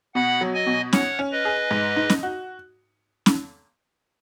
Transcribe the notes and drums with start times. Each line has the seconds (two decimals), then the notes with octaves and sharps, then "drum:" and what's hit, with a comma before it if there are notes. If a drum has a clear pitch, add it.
0.15 B2 F#5 B5
0.41 F#3
0.54 D#5 G#5
0.67 B2
0.93 C#4 C#5 F#5, drum: snare
1.19 C#4
1.32 B4 D#5
1.45 G#4
1.71 G#2
1.96 D#4
2.10 drum: snare
2.23 F#4
3.26 drum: snare